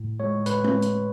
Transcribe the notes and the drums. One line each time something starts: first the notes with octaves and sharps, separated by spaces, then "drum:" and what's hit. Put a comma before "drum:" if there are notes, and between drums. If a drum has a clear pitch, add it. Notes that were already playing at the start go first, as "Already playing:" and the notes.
Already playing: A2
G#3 C#5
A2 B4, drum: hi-hat
drum: tom G#3
drum: hi-hat